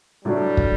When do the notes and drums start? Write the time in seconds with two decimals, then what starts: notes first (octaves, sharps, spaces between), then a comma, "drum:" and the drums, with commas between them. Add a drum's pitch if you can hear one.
0.24 A2 F#3 G3 A3 D4
0.57 drum: kick